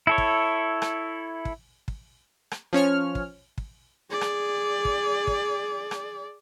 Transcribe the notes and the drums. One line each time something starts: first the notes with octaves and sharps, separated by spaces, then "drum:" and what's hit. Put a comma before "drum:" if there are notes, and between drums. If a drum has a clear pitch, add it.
E4 A4 C#5
drum: kick
drum: rim click
drum: kick
drum: kick
drum: rim click
F3 C#4 C#5 F6
drum: kick
drum: kick
G#4 D5
drum: rim click
drum: kick
drum: kick
drum: rim click